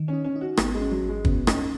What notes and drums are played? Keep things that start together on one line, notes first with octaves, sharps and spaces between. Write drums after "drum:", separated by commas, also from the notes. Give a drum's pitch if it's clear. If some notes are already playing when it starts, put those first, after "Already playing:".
Already playing: D#3
C#4 D#4
C#4
D#4
F#4
G#1 B3, drum: rim click
G#3
C#4
F#3
G#1
G#3
B3 C#4, drum: kick
C#4 D#4, drum: rim click